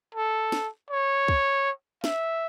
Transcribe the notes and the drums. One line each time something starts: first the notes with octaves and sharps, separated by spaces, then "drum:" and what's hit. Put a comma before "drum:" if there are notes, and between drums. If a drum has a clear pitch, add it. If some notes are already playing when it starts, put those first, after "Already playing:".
A4
drum: snare
C#5
drum: kick
E5, drum: snare